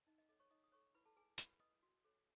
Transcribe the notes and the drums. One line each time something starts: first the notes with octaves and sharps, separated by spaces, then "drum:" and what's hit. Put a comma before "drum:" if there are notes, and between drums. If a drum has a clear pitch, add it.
D#4 D#5
D#5
A4 C#5 D#5
C#5 C#6
D#4 D#5 D#6
D#6
A4 C#5 C#6
E4 B4 B5
A4 A5
G#4 B4 G#5
E4 B4 B5, drum: hi-hat
B4 D#5 D#6
F#4
A4 C#5